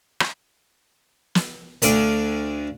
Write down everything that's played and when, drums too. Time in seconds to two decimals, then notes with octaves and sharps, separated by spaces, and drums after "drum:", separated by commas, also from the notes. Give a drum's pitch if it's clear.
0.20 drum: rim click
1.35 drum: snare
1.82 D2 D3 D4 F5, drum: hi-hat